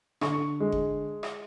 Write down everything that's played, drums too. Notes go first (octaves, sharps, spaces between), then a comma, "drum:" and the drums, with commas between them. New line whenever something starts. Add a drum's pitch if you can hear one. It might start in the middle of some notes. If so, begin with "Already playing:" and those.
D3 C#6, drum: rim click
G#3
drum: kick F#1
drum: rim click